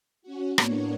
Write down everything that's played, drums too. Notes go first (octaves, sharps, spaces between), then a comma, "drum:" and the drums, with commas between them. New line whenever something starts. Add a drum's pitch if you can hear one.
C#4 F#4
A2 A#3 B3 D4 C#5, drum: rim click